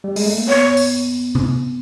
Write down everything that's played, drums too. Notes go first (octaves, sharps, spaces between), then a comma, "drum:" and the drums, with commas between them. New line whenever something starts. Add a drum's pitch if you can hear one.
G3
G#3, drum: open hi-hat
A3
A#3
B3 C#5
drum: open hi-hat
drum: tom C3